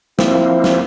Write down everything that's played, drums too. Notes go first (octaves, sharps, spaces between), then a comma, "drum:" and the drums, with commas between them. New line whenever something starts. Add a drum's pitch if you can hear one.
F3 A#3 C4 E4, drum: snare
drum: snare